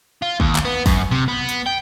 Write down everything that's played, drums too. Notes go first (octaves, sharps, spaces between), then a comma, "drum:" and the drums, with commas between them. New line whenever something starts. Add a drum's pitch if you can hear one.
F4
D#2, drum: kick
drum: clap
B3
F#2, drum: kick, open hi-hat
C3
B3
drum: hi-hat
G5